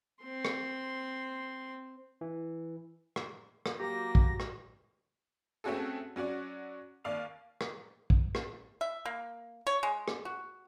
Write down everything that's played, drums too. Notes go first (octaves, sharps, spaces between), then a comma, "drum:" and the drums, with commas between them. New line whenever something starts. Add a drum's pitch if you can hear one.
C4 C6
drum: rim click
E3
drum: rim click
drum: rim click
F#3 A#3 G4 A#6
drum: kick
drum: rim click
A3 C4 C#4 F#4 G#4 A4
F#3 C#4 F#4 D5
D#2 D5 F5 F7
drum: rim click
drum: kick
drum: rim click
E5
A#3
C#5
G#3
drum: rim click
F#4